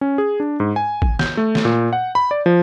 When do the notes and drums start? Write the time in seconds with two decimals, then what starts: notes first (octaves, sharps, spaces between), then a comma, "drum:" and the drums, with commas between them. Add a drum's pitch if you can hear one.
0.01 C#4
0.18 G#4
0.40 D4
0.60 G#2
0.76 G#5
1.02 drum: kick
1.19 G6, drum: snare
1.37 A3
1.55 drum: snare
1.65 A#2
1.93 F#5
2.15 B5
2.31 D5
2.46 F3